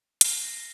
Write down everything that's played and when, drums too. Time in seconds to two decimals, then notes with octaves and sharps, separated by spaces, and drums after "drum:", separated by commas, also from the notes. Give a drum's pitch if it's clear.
0.21 F6 C7, drum: hi-hat
0.44 A#6